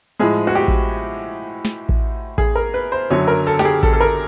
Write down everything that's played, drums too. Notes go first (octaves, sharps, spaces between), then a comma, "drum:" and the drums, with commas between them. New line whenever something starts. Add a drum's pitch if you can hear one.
A2 F3 G#3 G#4
F#4
G4
drum: kick A1
drum: snare
drum: kick A1
G#4, drum: kick A1
A#4
B4
C5
F#2 D3 F#3 C#5
A#4
A4
G4, drum: snare
G#4
A4, drum: kick A1
A4
A#4